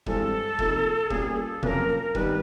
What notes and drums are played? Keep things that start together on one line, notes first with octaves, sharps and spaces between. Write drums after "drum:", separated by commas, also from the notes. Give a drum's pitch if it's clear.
G2 E3 G#3 C4 A4, drum: kick
C3 F3 A#3 D#4, drum: kick
A#2 G3 A#3 C#4 G#4, drum: kick
A4
F2 C#3 F#3 A#3 A#4 B4, drum: kick
A#4
G2 D#3 G3 B3 D#4 B4, drum: kick